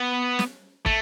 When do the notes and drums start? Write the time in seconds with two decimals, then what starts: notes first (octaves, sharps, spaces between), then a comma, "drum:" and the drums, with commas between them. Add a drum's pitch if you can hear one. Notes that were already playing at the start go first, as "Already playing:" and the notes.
Already playing: B3
0.39 drum: snare
0.86 A3, drum: kick